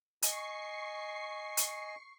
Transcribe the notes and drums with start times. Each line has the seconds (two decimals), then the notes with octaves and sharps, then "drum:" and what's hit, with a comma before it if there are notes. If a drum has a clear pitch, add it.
0.22 D#5 G#5 C#6 C7, drum: hi-hat
1.57 drum: hi-hat